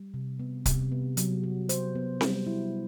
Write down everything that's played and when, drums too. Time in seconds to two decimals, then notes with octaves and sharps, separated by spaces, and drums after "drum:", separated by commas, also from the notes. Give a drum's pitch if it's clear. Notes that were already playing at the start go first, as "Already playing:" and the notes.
Already playing: G3
0.14 C3
0.39 B3
0.66 C3, drum: kick C#1, hi-hat
0.92 B3
1.17 F#3, drum: hi-hat
1.44 F#4
1.69 C5, drum: hi-hat
1.95 B3
2.21 G3, drum: snare C4
2.47 E4